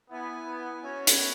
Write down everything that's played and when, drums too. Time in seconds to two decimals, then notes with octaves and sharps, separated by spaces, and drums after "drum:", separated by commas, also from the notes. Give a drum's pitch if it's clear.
0.10 B3 E4 B4 G#5
0.46 B3
0.83 B3 C#4 F#4 C#5 E5 G#5
1.07 drum: hi-hat